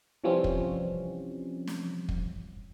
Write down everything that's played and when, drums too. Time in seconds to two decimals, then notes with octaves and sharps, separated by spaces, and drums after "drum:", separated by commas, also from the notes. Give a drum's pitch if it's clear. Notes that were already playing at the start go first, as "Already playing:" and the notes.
0.24 C3 E3 F3 G3 C4 C#4
0.44 drum: kick
1.67 drum: snare
2.09 drum: kick